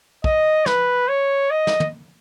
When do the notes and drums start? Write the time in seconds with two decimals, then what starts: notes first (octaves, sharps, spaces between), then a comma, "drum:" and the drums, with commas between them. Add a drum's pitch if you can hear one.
0.24 D#5, drum: kick
0.66 B4, drum: snare
1.08 C#5
1.50 D#5
1.67 drum: snare
1.80 drum: tom